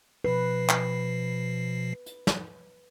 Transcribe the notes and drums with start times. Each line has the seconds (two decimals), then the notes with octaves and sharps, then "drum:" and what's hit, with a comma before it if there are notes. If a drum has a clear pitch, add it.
0.24 B2 F3 B4 C7
0.69 drum: clap
2.06 drum: hi-hat
2.27 drum: snare